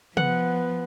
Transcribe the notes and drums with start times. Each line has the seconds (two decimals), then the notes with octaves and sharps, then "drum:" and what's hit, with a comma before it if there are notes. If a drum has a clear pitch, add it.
0.17 F3 B3 F#5, drum: tom